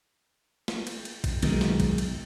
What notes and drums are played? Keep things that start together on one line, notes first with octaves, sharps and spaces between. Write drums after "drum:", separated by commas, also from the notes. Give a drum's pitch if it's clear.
drum: snare
drum: cymbal
drum: cymbal
drum: kick, cymbal
B1 D#3 G#3, drum: cymbal
drum: snare
drum: kick, cymbal
drum: cymbal